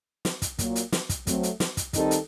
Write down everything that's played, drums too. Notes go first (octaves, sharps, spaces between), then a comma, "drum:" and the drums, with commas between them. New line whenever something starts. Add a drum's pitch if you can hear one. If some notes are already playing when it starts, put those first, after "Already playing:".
drum: snare
drum: kick, hi-hat
A#2 F#3 A#3, drum: kick, hi-hat
drum: hi-hat
drum: snare
drum: kick, hi-hat
F#3 A3 C4, drum: kick, hi-hat
drum: hi-hat
drum: snare
drum: kick, hi-hat
D#3 G3 C4 D#4 A4, drum: kick, hi-hat
drum: hi-hat